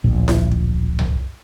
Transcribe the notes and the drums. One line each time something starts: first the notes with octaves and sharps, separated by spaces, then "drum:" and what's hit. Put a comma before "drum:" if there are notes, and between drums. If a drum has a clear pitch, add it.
D1 A#1
drum: snare E4
drum: kick
drum: tom C2